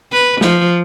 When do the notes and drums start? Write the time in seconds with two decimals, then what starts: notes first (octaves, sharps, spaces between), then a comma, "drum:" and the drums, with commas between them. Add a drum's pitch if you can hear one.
0.12 B4
0.41 F3, drum: snare